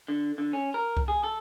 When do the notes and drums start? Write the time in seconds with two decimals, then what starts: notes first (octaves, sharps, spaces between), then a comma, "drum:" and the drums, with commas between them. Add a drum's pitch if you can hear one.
0.08 D3
0.38 D3
0.53 C#4
0.74 A#4
0.97 drum: kick C2
1.08 G#4
1.24 A4